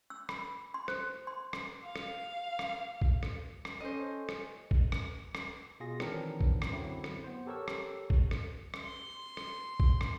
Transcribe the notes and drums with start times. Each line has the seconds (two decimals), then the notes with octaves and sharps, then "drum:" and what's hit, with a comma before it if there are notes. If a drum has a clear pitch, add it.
0.10 E6
0.29 B5, drum: rim click
0.74 C6
0.88 C5, drum: rim click
1.27 C6
1.53 drum: rim click
1.85 F5
1.96 drum: rim click
2.59 drum: rim click
3.02 drum: kick
3.23 drum: rim click
3.65 drum: rim click
3.80 C4 C#4 A4 C5 D#5
4.29 drum: rim click
4.71 drum: kick
4.92 drum: rim click
5.35 drum: rim click
5.80 B2 F4 G#4 A#6
6.00 D#3 E3 F#3 C4 D4 A#4, drum: rim click
6.41 drum: kick
6.62 drum: rim click
6.73 F#2 D3 F#3 C4 E4 F#4
7.04 drum: rim click
7.24 B3 C5
7.47 G4 A4 A#4 C#5 C#6 E6
7.68 drum: rim click
8.10 drum: kick
8.31 drum: rim click
8.74 drum: rim click
8.84 C6
9.37 drum: rim click
9.80 drum: kick
10.01 drum: rim click